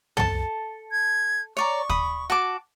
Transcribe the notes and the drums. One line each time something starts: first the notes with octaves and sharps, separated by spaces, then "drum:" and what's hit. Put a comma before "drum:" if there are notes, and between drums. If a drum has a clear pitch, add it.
A4 A5, drum: tom
G#6
C#5 D5 A#5 C#6
B5 D#6, drum: kick
F#4 A5 D6